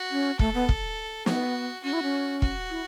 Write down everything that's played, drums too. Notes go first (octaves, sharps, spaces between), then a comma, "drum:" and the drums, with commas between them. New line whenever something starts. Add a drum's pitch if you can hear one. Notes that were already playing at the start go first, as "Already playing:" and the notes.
Already playing: F#4
C#4
A3 A4, drum: kick
B3
drum: kick
B3 F#4, drum: snare
C#4 F#4
E4
C#4
F#4, drum: kick
E4